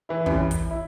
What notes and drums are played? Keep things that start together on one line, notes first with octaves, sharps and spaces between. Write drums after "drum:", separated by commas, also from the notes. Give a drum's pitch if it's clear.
E3 E4
F#2 E3 G3, drum: kick
drum: kick, hi-hat
E4